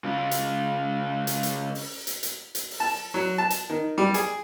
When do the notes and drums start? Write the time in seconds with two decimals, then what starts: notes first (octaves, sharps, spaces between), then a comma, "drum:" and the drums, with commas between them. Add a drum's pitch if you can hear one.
0.04 C#3 F4
0.31 drum: hi-hat
1.27 drum: hi-hat
1.43 drum: hi-hat
1.75 drum: open hi-hat
2.07 drum: hi-hat
2.23 drum: hi-hat
2.55 drum: hi-hat
2.71 drum: open hi-hat
2.80 A5
3.14 F#3
3.38 A5
3.50 drum: hi-hat
3.70 D#3
3.98 G3
4.14 G#4, drum: hi-hat